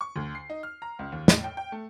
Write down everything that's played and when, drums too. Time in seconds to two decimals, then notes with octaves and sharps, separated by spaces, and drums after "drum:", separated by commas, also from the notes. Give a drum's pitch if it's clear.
0.01 C#6
0.16 D2
0.35 C7
0.50 D#4
0.63 F6
0.82 A#5
0.99 C#2
1.12 D#2
1.28 A2, drum: snare
1.44 G5
1.57 G5
1.72 A3